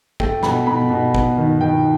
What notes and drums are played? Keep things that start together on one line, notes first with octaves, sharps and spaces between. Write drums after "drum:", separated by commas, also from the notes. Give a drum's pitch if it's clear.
A3 G5, drum: kick
B2 B5, drum: snare
B2 B5
B2
B3, drum: kick
D#3
D#3 G5